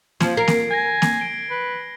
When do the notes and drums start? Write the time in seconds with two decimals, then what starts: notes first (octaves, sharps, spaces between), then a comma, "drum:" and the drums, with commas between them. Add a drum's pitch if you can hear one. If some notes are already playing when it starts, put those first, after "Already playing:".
0.20 F3 G#6, drum: snare A#3
0.37 A#4 C7 D7
0.48 drum: snare A#3
0.71 G#5 G#6 A#6
1.02 drum: snare A#3
1.20 D7 G7
1.50 B4